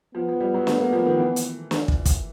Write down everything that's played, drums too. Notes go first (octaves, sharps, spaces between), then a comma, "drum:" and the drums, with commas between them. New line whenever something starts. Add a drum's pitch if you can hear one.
F3 B3
F3
G3
F#3
A3, drum: snare
A#3
F3
D#3
E3
drum: hi-hat
drum: snare
drum: kick
drum: kick, hi-hat